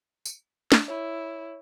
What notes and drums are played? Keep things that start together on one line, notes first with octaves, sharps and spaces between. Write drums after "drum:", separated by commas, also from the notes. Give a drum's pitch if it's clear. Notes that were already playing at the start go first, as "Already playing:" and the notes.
drum: tambourine
drum: snare
E4 C#5